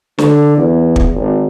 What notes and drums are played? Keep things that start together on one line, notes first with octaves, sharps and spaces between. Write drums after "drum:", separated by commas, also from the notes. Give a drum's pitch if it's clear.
D3, drum: snare
E2
drum: kick
G#1